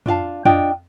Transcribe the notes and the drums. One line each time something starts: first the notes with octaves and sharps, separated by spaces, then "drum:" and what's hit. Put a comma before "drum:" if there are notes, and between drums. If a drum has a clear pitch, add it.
D4 F4 F5 A5, drum: tom F2
D4 F4 D#5 G5, drum: tom F2